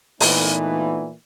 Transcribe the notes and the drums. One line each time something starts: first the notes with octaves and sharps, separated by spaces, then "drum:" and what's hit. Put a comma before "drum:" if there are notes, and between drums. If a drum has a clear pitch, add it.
A#2 E3 A3 B3 D#4, drum: open hi-hat